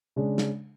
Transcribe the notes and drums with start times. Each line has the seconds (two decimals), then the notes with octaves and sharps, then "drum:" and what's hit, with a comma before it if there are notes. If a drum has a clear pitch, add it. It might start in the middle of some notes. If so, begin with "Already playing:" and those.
0.16 C#3 G#3 D4
0.38 drum: snare